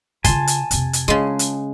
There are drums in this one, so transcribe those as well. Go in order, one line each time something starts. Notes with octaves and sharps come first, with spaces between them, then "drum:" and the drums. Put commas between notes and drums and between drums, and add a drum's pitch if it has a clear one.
C#3 F4 G#5 A5 C6, drum: kick, hi-hat
drum: hi-hat
F2 C3, drum: hi-hat
drum: hi-hat
C#3 G#3 F4
drum: hi-hat